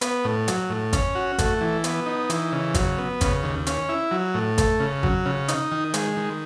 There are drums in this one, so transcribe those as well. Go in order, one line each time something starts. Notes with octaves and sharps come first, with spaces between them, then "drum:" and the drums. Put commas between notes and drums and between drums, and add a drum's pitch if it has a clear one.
B3, drum: hi-hat
A2
F#3, drum: hi-hat
A2
C#4, drum: kick, hi-hat
F#4
A3, drum: kick, hi-hat
E3
B3, drum: hi-hat
D#4
E3, drum: hi-hat
C#3
F#3, drum: kick, hi-hat
B3
C#3, drum: kick, hi-hat
D#2
C#4, drum: hi-hat
E4
F#3
A2
A3, drum: kick, hi-hat
C#3
F#3, drum: kick
C#3
D#4, drum: hi-hat
D#3
G#3, drum: hi-hat
D#3